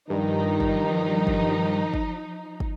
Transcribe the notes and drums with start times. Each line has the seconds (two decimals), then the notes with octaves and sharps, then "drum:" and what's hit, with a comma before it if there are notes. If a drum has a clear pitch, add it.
0.10 G2 D#3 F3 D#4
0.60 drum: kick
1.27 drum: kick
1.94 drum: kick
2.60 drum: kick